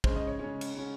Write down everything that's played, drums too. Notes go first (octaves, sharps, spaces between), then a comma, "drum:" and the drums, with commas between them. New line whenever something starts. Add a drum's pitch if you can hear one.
C#3 G#3 C#4 C5, drum: kick
D#5
C#5
C#3 G#3 C#4 C#5
drum: cymbal
C#3 G#3 C#4